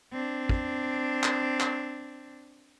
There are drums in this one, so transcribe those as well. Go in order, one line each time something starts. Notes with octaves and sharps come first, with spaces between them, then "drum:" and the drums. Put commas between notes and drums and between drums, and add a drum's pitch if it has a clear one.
C4 D4
drum: kick
drum: clap
drum: clap